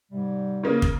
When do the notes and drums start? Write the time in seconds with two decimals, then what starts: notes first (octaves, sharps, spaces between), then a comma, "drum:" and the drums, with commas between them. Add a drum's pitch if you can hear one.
0.11 G#2 C3 G3
0.64 C#3 A#3
0.82 drum: kick